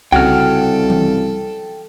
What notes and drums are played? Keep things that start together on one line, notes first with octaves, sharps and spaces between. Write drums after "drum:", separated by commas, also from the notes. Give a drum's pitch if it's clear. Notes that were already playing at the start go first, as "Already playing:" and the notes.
C2 C#3 F#4 A4 G5 F6, drum: kick C2
drum: tom E3